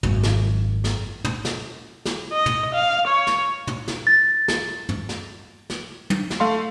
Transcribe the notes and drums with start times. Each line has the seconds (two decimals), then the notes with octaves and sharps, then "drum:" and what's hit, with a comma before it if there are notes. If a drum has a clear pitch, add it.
0.03 G#1 F#2, drum: tom
0.23 drum: snare
0.84 drum: snare
1.25 drum: tom
1.45 drum: snare
2.05 drum: snare
2.33 D#5
2.46 drum: tom
2.74 F5
3.07 C#5
3.27 drum: snare
3.67 drum: tom
3.88 drum: snare
4.07 A6
4.48 drum: snare
4.89 drum: tom
5.09 drum: snare
5.70 drum: snare
6.10 drum: tom
6.30 drum: snare
6.40 A3 F5 C6